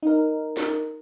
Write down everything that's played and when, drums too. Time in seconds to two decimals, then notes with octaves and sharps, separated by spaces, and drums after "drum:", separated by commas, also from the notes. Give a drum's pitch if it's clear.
0.03 D#4 A#4
0.57 drum: snare